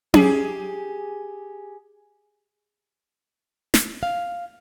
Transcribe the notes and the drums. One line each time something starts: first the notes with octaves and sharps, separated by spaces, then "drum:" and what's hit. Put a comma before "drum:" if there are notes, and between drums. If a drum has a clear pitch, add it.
G4 G#4, drum: tom C#4
drum: snare
F5